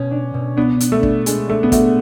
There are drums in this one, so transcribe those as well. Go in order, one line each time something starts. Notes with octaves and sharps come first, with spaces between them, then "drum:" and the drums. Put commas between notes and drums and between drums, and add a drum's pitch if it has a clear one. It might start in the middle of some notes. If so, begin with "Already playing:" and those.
Already playing: B2 C#4
D4
B2
B3 D4
D4, drum: hi-hat
A3
D4, drum: kick
G#3 D4, drum: hi-hat
A3 D4
B3
A3 F#4, drum: kick, hi-hat